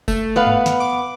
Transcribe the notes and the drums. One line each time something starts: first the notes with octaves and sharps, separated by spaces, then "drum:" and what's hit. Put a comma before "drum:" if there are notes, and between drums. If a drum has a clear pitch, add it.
A3, drum: kick F1, tambourine
B3 B4 F5
drum: tom G2
drum: snare
D6